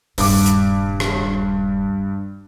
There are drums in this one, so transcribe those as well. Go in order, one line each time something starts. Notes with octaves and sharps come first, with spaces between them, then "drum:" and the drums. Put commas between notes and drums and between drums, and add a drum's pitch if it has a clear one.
D#1 G2 D6, drum: open hi-hat
drum: hi-hat
drum: rim click